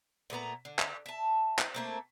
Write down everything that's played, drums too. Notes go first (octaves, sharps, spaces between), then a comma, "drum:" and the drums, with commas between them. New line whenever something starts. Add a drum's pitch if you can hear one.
A#2 A3 B3 A#5
D3
drum: clap
E5 A5
drum: clap
A3 A#3 C4